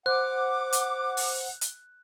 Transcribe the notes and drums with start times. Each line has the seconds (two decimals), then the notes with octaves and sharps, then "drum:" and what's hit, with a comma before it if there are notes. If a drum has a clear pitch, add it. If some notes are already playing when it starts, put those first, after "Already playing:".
0.06 C5 F#5 D6 F#6
0.73 drum: hi-hat
1.17 drum: open hi-hat
1.61 drum: hi-hat